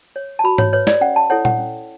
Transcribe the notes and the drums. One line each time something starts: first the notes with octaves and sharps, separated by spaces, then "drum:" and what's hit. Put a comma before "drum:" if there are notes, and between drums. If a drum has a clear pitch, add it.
C#5
A5
F#4 B5
C#5, drum: tom G#2
B4 C#5
D5, drum: snare
C#4 F#5
A5
E4 A4 C#5 F#5
F#5, drum: tom A#2
C#4